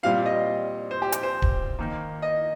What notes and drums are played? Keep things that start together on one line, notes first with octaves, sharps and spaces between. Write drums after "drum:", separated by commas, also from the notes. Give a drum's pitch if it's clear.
A#2 G3 C4 F5
D#5
C5
G4
G4, drum: hi-hat
C5
drum: kick D1
D#3 A#3
D#5